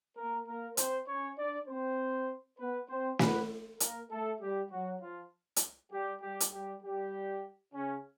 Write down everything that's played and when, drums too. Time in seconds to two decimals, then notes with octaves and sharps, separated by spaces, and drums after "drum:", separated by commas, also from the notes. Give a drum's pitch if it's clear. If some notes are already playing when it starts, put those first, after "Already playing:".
0.17 A#3 A#4
0.47 A#3 A#4
0.77 C4 C5, drum: hi-hat
1.08 C#4 C#5
1.38 D4 D5
1.68 C4 C5
2.59 B3 B4
2.89 C4 C5
3.19 B3 B4, drum: snare
3.80 A#3 A#4, drum: hi-hat
4.11 A3 A4
4.42 G3 G4
4.71 F#3 F#4
5.02 F3 F4
5.56 drum: hi-hat
5.92 G3 G4
6.22 G3 G4
6.40 drum: hi-hat
6.53 G3 G4
6.83 G3 G4
7.74 C#3 C#4